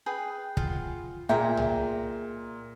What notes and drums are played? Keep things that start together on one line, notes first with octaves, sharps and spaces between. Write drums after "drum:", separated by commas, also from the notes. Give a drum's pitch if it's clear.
G#4 B4 G5
F4 F#5, drum: kick
A#2 G#3 A#4 E5 G5 A#5
drum: tom